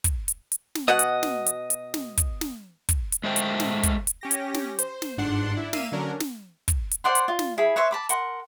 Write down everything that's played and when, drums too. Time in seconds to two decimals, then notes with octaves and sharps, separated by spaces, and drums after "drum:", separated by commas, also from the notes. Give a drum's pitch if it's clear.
0.04 drum: kick, hi-hat
0.28 drum: hi-hat
0.52 drum: hi-hat
0.75 drum: snare
0.88 B2 F#4 D#5 F#5
0.99 drum: hi-hat
1.23 drum: snare
1.46 drum: hi-hat
1.70 drum: hi-hat
1.94 drum: snare
2.17 drum: kick, hi-hat
2.41 drum: snare
2.89 drum: kick, hi-hat
3.12 drum: hi-hat
3.24 G#3 A3 C5 G5
3.36 drum: hi-hat
3.60 drum: snare
3.83 drum: kick, hi-hat
4.07 drum: hi-hat
4.21 C#4 G4 A#6
4.31 drum: hi-hat
4.54 drum: snare
4.79 C5, drum: hi-hat
5.02 drum: snare
5.17 G1 G#2 D4 F#5 C6
5.55 D4 E4
5.73 A#3 E5 F5 E6 D#7 E7, drum: snare
5.92 D3 F#3 C#4 D4 A#4
6.20 drum: snare
6.68 drum: kick, hi-hat
6.91 drum: hi-hat
7.04 C5 D5 F#5 C6
7.15 drum: hi-hat
7.28 F4
7.39 drum: snare
7.58 E4 G#4 B5
7.76 B4 C#5 E5 C6
7.91 A5 B5 D6
8.09 A#4 F#5 C6, drum: hi-hat